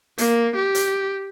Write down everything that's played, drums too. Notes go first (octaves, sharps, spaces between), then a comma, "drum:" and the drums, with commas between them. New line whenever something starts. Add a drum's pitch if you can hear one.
A#3, drum: hi-hat
G4
drum: hi-hat